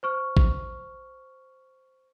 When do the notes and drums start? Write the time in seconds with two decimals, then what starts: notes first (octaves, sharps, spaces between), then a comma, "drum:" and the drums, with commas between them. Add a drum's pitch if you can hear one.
0.03 C5 C#6 F6
0.37 drum: kick A1